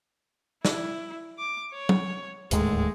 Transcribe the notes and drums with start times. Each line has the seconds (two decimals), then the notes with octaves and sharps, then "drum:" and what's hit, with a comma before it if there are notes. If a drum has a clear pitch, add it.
0.65 E4, drum: snare
1.39 D6
1.73 C#5
1.89 drum: tom
2.51 D1 D#2 G#2 G#3 A3, drum: hi-hat